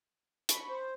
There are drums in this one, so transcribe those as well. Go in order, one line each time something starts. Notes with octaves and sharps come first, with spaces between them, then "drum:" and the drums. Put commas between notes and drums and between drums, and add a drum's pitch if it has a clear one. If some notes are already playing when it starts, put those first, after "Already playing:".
B5 C#6, drum: hi-hat
C5